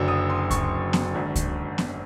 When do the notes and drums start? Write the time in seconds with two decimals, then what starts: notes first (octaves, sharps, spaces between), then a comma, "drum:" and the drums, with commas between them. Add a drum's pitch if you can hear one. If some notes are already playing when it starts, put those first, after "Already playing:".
Already playing: F#1 F#2 D3 F#3 E6
0.08 D#6
0.30 C6
0.51 C#6, drum: kick C#2, hi-hat
0.93 drum: snare B3
1.14 G#1 F#2 D3 F#3
1.36 drum: kick C#2, hi-hat
1.78 drum: snare B3